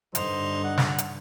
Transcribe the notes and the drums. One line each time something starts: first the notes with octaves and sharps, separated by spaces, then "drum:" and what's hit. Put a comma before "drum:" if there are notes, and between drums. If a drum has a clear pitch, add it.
G2 D3 D#4 C5, drum: hi-hat
F#5
drum: snare
drum: hi-hat